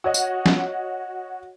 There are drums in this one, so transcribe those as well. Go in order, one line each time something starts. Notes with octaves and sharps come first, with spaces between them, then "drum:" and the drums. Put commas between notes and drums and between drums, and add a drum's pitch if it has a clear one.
F#4 C#5 D#5
drum: tambourine
drum: snare